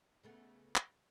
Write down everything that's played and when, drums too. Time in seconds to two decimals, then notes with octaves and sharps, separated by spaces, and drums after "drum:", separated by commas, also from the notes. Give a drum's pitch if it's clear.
0.23 C#3 A3 B3
0.76 drum: clap